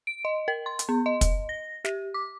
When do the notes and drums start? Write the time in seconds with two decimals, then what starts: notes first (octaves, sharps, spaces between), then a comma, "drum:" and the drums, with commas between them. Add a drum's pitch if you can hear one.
0.07 D7
0.25 D#5
0.48 A#4
0.66 C6
0.79 drum: hi-hat
0.89 B3
1.06 D#5
1.21 drum: kick, hi-hat
1.49 A#6
1.85 G4, drum: snare
2.14 D6